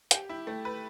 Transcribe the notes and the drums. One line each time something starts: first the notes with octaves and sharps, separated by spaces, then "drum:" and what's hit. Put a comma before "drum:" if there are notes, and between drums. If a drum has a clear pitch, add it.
G4, drum: hi-hat
E4
A3
B4